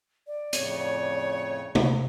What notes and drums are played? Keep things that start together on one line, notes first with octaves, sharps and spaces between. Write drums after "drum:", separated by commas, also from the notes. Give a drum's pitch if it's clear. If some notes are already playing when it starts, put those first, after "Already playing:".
D5
F2 A2 C#3 C#5, drum: hi-hat
C#5
drum: tom